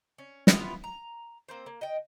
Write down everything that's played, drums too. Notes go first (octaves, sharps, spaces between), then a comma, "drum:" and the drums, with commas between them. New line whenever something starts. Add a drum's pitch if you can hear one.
C#4
B3 E4 F4 B4, drum: snare
A#5
A#3 C4 C5
A#3
D#5 G5